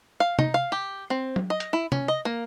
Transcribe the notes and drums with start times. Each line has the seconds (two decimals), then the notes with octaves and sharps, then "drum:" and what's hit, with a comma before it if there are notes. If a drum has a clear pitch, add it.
0.20 F5
0.39 D#4, drum: tom
0.54 F5
0.72 G4
1.10 C4
1.36 drum: tom
1.50 D#5
1.60 drum: hi-hat
1.73 E4
1.92 C#4, drum: tom
2.08 D#5
2.25 A#3